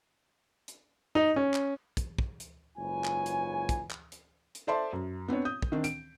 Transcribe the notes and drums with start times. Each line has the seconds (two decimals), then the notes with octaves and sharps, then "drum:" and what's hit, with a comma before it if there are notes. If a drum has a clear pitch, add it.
0.68 drum: hi-hat
1.15 D#4
1.36 C#4
1.54 drum: clap
1.97 drum: kick, hi-hat
2.18 drum: kick
2.40 drum: hi-hat
2.78 F#1 G#2 F4 B4 C#5 G#5
3.04 drum: clap
3.26 drum: hi-hat
3.69 drum: kick, hi-hat
3.90 drum: clap
4.12 drum: hi-hat
4.55 drum: hi-hat
4.67 A4 C5 D5 E5 A5 C6
4.93 F#2
5.28 B3 C4 D4 C#5
5.45 D#6 G6
5.62 drum: kick
5.72 D#3 C4 D4
5.84 D7, drum: hi-hat